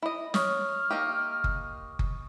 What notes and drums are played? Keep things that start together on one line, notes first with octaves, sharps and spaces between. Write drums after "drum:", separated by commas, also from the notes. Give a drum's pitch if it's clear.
E4 D#5
C#5 C#6 D#6 F6, drum: snare
A#3 D#4 G4
drum: kick F#1
drum: kick F#1